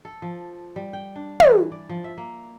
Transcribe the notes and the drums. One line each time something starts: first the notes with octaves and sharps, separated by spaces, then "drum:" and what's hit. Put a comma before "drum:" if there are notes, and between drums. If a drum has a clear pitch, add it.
A4
F3
G3
G5
D4
E3, drum: tom
D5
F3
E5
A#3